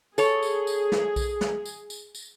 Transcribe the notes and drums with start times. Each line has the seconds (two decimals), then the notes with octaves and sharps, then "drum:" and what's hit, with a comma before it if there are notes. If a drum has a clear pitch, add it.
0.18 G#4 A4 C#5, drum: tambourine
0.42 drum: tambourine
0.67 drum: tambourine
0.92 drum: snare
1.16 drum: kick B1, tambourine
1.41 drum: snare
1.65 drum: tambourine
1.90 drum: tambourine
2.15 drum: tambourine